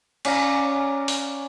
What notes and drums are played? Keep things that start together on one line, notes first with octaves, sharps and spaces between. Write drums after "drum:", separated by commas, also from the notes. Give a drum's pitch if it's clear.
C#4 D5 F5 A#5, drum: cymbal
drum: open hi-hat